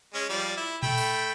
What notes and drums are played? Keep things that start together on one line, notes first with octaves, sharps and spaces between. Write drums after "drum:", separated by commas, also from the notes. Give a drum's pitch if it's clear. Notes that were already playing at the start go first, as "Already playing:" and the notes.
G#3 C#4
F3 G3 D5
E4
A3 G5 B5, drum: tom A#2
drum: open hi-hat